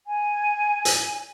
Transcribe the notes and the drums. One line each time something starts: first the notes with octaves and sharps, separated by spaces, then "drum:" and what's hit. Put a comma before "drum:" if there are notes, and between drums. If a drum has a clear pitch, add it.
G#5
drum: hi-hat